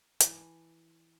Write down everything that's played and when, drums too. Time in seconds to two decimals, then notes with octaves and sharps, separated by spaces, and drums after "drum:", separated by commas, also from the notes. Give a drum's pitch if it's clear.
0.20 E3 G#5 A5, drum: hi-hat